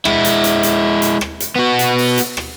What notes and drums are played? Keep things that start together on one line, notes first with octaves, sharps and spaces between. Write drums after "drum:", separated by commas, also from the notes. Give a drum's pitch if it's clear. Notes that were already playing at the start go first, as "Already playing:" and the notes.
G#3 E4, drum: rim click
drum: hi-hat
drum: hi-hat
drum: hi-hat
drum: hi-hat
drum: rim click
drum: hi-hat
B3 F#4
drum: hi-hat
drum: open hi-hat
drum: hi-hat
drum: rim click